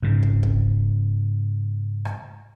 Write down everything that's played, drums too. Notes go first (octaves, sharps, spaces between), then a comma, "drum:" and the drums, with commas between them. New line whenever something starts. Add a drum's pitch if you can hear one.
G#2 C#3
drum: kick
drum: kick
drum: rim click